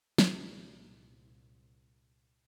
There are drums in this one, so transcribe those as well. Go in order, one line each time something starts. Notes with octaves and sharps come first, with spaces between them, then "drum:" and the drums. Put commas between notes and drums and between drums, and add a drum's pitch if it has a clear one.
C2 A#2, drum: snare